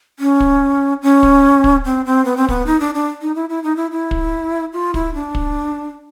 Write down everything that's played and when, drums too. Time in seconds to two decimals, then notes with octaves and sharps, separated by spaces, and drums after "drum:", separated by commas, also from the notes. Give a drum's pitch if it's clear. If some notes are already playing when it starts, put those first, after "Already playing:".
0.19 C#4
0.40 drum: kick
1.03 C#4
1.23 drum: kick
1.64 drum: kick
1.85 C4
2.05 C4
2.25 B3
2.37 C4
2.48 B3, drum: kick
2.66 D#4
2.80 D4
2.94 D4
3.21 D#4
3.35 E4
3.49 E4
3.64 D#4
3.76 E4
3.91 E4
4.11 drum: kick
4.73 F4
4.94 E4, drum: kick
5.14 D4
5.35 drum: kick